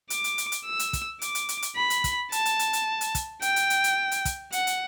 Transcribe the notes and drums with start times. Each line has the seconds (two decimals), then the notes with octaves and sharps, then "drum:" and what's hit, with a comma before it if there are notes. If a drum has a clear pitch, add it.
0.10 D6, drum: hi-hat
0.24 drum: hi-hat
0.38 drum: hi-hat
0.52 drum: hi-hat
0.65 E6
0.79 drum: hi-hat
0.93 drum: kick, hi-hat
1.22 D6, drum: hi-hat
1.35 drum: hi-hat
1.49 drum: hi-hat
1.62 drum: hi-hat
1.76 B5
1.90 drum: hi-hat
2.04 drum: kick, hi-hat
2.32 A5, drum: hi-hat
2.45 drum: hi-hat
2.59 drum: hi-hat
2.73 drum: hi-hat
3.01 drum: hi-hat
3.15 drum: kick, hi-hat
3.42 G5, drum: hi-hat
3.56 drum: hi-hat
3.70 drum: hi-hat
3.84 drum: hi-hat
4.11 drum: hi-hat
4.25 drum: kick, hi-hat
4.52 F#5, drum: hi-hat
4.67 drum: hi-hat